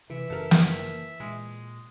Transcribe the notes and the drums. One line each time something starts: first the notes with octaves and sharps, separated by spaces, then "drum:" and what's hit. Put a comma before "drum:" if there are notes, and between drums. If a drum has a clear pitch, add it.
C3 E3 E5
F#2 C#3 A4 A#4
drum: snare
A#2 G#3